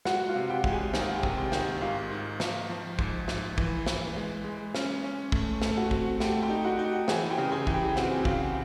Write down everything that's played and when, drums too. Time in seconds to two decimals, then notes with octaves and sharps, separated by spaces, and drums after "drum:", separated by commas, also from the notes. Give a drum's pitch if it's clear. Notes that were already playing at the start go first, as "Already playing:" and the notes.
0.05 G#3 F#4 F#5, drum: snare
0.28 F4 F5
0.36 C3
0.50 G4 G5
0.64 G#3, drum: kick
0.72 G#4 G#5
0.94 D#3 G#4 G#5, drum: snare
1.10 F#5
1.15 G4 G5
1.23 C3, drum: kick
1.37 G4 G5
1.52 D#3, drum: snare
1.59 G4 G5
1.81 G#2 F4 F5
2.11 G#2
2.40 F3, drum: snare
2.70 F3
2.99 G#2, drum: kick
3.28 G#2, drum: snare
3.58 E3, drum: kick
3.86 E3, drum: snare
4.16 G#3
4.44 G#3
4.75 C#4, drum: snare
5.04 C#4
5.32 A3, drum: kick
5.62 A3, drum: snare
5.77 F#4 F#5
5.91 C4, drum: kick
6.20 A3 G4 G5, drum: snare
6.43 G4 G5
6.50 D#4
6.64 F#4 F#5
6.79 D#4
7.08 E3 G#4 G#5, drum: snare
7.30 G4 G5
7.38 C#3
7.52 G#4 G#5
7.67 E3, drum: kick
7.74 G4 G5
7.96 C4 F#4 F#5, drum: snare
8.25 C#3 F4 F5, drum: kick